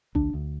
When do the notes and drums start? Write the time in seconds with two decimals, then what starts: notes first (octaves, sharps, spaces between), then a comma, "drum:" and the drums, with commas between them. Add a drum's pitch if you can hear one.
0.15 D2 D4, drum: kick A#1
0.34 D2